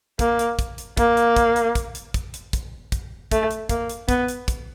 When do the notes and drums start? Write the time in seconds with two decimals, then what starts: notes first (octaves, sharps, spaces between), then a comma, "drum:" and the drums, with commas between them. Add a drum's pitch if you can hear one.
0.19 A#3, drum: kick, hi-hat
0.39 drum: hi-hat
0.59 drum: kick, hi-hat
0.78 drum: hi-hat
0.97 A#3, drum: kick, hi-hat
1.17 drum: hi-hat
1.36 drum: kick, hi-hat
1.56 drum: hi-hat
1.75 drum: kick, hi-hat
1.95 drum: hi-hat
2.14 drum: kick, hi-hat
2.34 drum: hi-hat
2.53 drum: kick, hi-hat
2.92 drum: kick, hi-hat
3.31 A3, drum: kick, hi-hat
3.51 drum: hi-hat
3.69 A#3, drum: kick, hi-hat
3.89 drum: hi-hat
4.09 B3, drum: kick, hi-hat
4.28 drum: hi-hat
4.48 drum: kick, hi-hat